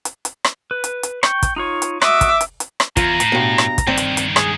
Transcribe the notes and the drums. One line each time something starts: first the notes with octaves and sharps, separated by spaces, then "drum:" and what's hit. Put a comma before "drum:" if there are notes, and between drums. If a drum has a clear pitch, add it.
drum: hi-hat
drum: hi-hat
drum: rim click
B4
drum: hi-hat
drum: hi-hat
G5 C#6, drum: rim click
drum: kick, hi-hat
D#4 F4 C#5
drum: hi-hat
F#4 D#5 E5 D6, drum: rim click
drum: kick, hi-hat
drum: hi-hat
drum: hi-hat
drum: rim click
E2 F4 A#5, drum: kick, hi-hat
A2, drum: hi-hat
G2 B2
drum: rim click
drum: kick, hi-hat
G2 D#3 C4 D5 G5
drum: hi-hat
drum: hi-hat
G#3 G#4, drum: rim click